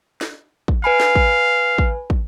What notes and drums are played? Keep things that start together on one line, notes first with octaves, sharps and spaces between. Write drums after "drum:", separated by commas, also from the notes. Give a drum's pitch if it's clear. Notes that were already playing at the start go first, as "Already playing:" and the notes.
drum: snare
drum: kick
B4 F5 G#5 B5
drum: snare
drum: kick
drum: kick
drum: kick